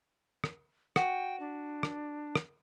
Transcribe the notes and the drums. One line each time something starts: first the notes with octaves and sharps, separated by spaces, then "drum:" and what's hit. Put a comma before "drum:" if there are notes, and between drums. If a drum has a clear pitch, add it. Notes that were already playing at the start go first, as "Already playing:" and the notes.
drum: rim click
F#4 G5, drum: rim click
D4
drum: rim click
drum: rim click